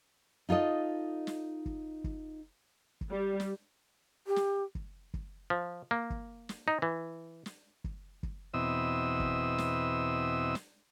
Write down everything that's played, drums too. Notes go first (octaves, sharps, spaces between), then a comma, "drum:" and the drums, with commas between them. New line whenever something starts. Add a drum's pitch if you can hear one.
D#4 F4 A4 D#5
drum: snare
drum: kick
drum: kick
drum: kick
G3
drum: snare
G4
drum: snare
drum: kick
drum: kick
F3
A#3
drum: kick
drum: snare
D#4
E3
drum: snare
drum: kick
drum: kick
E2 B2 C4 D#5 E5 E6
drum: kick
drum: snare
drum: snare